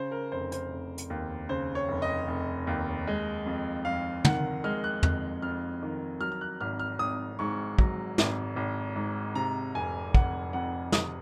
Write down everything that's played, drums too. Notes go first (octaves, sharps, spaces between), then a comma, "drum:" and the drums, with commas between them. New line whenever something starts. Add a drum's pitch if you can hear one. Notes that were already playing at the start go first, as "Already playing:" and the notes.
Already playing: C#3 C5
A#4
F1 C5
C5, drum: hi-hat
F1
drum: hi-hat
D#2
C#3 C5
C#5
F1
D#5
F1
D#2
G#3
F2
F2 F5
D#3 F#5, drum: tom
G#3 F6
F#6
F2 F#6, drum: tom
F2 F6
D#3
F#3 F6
F6
F#6
G#1 F6
F6
G#1 D#6
G#2 C#6
F#3, drum: kick
G#1, drum: snare
G#1
G#2
C3 A#5
F1 G#5
F1 F#5, drum: kick
F2 F#5
C3 D#6, drum: snare